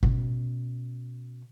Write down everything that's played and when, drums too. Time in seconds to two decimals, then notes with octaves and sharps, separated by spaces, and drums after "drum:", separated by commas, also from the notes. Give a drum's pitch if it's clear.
0.03 B2 C#4, drum: kick